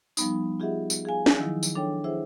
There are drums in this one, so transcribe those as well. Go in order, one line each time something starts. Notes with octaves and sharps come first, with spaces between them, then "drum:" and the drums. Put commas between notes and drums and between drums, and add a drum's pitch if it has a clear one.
F3 G3 B3 D#4, drum: tambourine
F4 G4 G#4 D#5 E5 F#5
drum: tambourine
G#4 F5 G#5
drum: snare
D#3 F3 F#3 D#4 E4
drum: tambourine
D4 A4 C#5 G5
E4 G#4 C5 E5 F#5